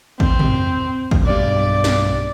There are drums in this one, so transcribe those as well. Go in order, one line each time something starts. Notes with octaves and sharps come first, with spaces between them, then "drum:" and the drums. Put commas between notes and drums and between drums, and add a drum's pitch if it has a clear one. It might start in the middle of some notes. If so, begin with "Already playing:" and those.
C4, drum: kick A1
drum: tom
drum: kick A1
B1 G2 D5
drum: snare